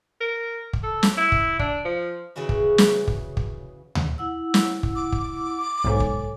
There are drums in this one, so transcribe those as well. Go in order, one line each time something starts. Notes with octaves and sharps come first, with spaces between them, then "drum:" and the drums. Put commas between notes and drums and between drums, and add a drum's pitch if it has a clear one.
A#4
drum: kick
A4
drum: snare
E4
drum: kick
D4, drum: kick
F3
C#3 E3 C#4 F#4
drum: kick
drum: snare
drum: kick
drum: kick
drum: tom D2
E4 F#5 E6
drum: snare
drum: kick
D6
drum: kick
B1 G#2 A4 C#5 G#5
drum: kick